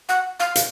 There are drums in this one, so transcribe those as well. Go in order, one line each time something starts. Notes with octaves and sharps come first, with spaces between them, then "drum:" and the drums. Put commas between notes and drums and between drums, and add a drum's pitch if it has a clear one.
F#5
F5
drum: hi-hat